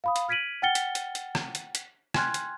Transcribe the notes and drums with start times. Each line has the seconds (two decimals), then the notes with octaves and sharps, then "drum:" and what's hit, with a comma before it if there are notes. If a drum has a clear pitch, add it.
0.04 F5 B5 D#6
0.16 drum: hi-hat
0.29 F6 G#6 B6 D7 D#7 F#7
0.62 F#5 G5 F6 A6 C#7 G7
0.75 drum: hi-hat
0.95 drum: hi-hat
1.15 drum: hi-hat
1.35 drum: rim click
1.55 drum: hi-hat
1.75 drum: hi-hat
2.14 G5 G#5 C6 F6 F#6 G#6, drum: rim click
2.34 drum: hi-hat